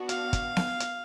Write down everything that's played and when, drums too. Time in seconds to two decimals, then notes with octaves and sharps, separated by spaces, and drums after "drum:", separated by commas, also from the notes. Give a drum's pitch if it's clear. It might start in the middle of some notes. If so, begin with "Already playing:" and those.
Already playing: B3 D4 F#4
0.09 F5, drum: hi-hat
0.33 drum: kick, hi-hat
0.57 drum: snare B3
0.80 drum: hi-hat